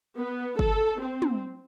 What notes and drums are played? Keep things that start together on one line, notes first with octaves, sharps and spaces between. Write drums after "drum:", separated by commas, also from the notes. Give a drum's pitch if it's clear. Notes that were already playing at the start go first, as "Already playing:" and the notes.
B3
A4, drum: kick G1
C4
drum: tom